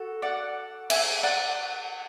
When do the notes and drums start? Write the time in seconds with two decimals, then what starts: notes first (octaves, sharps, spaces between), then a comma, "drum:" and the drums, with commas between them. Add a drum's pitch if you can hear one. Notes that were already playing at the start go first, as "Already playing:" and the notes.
Already playing: F#4 A4
0.22 D5 F#5
0.90 E5 G#5, drum: cymbal
1.23 D5 F#5